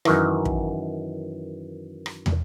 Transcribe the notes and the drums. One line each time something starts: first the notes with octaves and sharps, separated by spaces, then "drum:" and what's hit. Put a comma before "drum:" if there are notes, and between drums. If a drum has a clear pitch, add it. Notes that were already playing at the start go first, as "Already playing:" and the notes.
F#2 D#3 E3, drum: rim click
drum: kick
drum: rim click
drum: tom